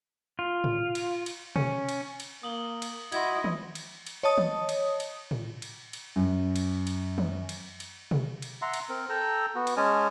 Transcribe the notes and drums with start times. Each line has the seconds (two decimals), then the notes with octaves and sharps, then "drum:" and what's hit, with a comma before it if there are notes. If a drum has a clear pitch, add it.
0.39 F4
0.64 drum: tom A2
0.95 drum: cymbal
1.26 drum: cymbal
1.56 C#4, drum: tom B2
1.89 drum: cymbal
2.20 drum: cymbal
2.43 A#3 D#6 F#7 G7
2.82 drum: cymbal
3.12 E4 F#4 D#5 C6 G#6, drum: cymbal
3.44 drum: tom D#3
3.75 drum: cymbal
4.07 drum: cymbal
4.23 C#5 D#5 A5 D#6
4.38 drum: tom D#3
4.69 drum: cymbal
5.00 drum: cymbal
5.31 drum: tom A2
5.62 drum: cymbal
5.93 drum: cymbal
6.16 F#2
6.56 drum: cymbal
6.87 drum: cymbal
7.18 drum: tom D#3
7.49 drum: cymbal
7.80 drum: cymbal
8.11 drum: tom B2
8.42 drum: cymbal
8.62 E5 F#5 A#5 C6
8.74 drum: cymbal
8.89 C4 A#4
9.09 A4 G5 A#5 E6
9.55 B3 F#4
9.67 drum: cymbal
9.77 G#3 C#4 D#5 G#5 A5 F6